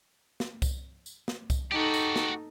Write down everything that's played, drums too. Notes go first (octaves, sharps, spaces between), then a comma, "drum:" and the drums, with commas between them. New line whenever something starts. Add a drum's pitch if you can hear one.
drum: snare
drum: kick C2, tambourine
drum: tambourine
drum: snare
drum: kick C2, tambourine
D#4 F#4 G4 A4
drum: tambourine
drum: snare